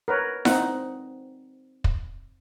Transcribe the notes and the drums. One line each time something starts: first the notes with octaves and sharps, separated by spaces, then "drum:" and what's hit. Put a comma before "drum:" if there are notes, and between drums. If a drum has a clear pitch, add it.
A#4 B4 C#5
C4 D#4 F#5, drum: snare E4
drum: kick